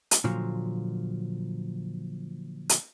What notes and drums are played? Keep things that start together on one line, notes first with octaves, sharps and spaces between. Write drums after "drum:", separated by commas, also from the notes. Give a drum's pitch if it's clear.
drum: hi-hat
A#2 D3 F3 F#3
drum: hi-hat